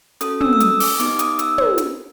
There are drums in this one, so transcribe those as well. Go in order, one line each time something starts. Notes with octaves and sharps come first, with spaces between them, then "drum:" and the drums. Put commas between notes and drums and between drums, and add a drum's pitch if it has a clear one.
C#4 F#4 A4 D#6, drum: hi-hat
E6, drum: tom
E6
D#6, drum: hi-hat
D6, drum: open hi-hat
B3 D#4 G4 D6, drum: hi-hat
D#6, drum: hi-hat
E6, drum: hi-hat
drum: tom
drum: hi-hat